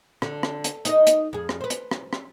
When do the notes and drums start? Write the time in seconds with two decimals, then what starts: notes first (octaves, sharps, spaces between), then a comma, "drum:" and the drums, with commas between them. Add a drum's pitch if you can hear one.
0.22 D3, drum: rim click
0.43 drum: rim click
0.64 drum: hi-hat
0.85 D#4 D#5, drum: hi-hat
1.07 drum: hi-hat
1.33 F2 G#4
1.49 drum: rim click
1.61 B4 C5
1.70 drum: hi-hat
1.91 drum: rim click
2.13 drum: rim click